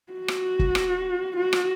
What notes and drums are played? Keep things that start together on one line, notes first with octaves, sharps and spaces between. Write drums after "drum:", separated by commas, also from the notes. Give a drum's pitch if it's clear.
F#4
drum: rim click
drum: kick
drum: rim click
F#4
drum: rim click